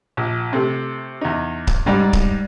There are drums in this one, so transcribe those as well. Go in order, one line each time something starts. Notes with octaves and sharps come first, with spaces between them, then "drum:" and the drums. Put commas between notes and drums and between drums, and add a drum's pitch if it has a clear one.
A#1
C3 A3
E2 D#4
drum: kick C#1
G#2 G3 D#4 D5
drum: kick C#1